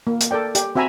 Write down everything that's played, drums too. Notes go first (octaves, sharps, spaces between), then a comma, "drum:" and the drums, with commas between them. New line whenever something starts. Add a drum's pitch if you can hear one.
A#3
drum: hi-hat
A4 A#4 D5 G5
G4, drum: hi-hat
C4 F#4 E5 G#5 A#5 B5